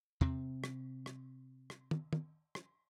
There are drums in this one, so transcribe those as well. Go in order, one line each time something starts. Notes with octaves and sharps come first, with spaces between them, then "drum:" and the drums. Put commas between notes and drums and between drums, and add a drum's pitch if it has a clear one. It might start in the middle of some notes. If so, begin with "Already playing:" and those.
C3 C4, drum: tom E2
drum: rim click
drum: rim click
drum: rim click
drum: tom
drum: tom
drum: rim click